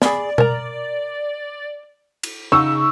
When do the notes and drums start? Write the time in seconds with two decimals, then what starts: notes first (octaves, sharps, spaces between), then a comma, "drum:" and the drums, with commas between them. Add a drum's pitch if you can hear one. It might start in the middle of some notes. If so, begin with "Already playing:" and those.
0.02 G#4 D5 B5, drum: snare
0.38 A#4 A#5, drum: tom B2
2.23 drum: cymbal
2.52 C#3 D#4 C#6 E6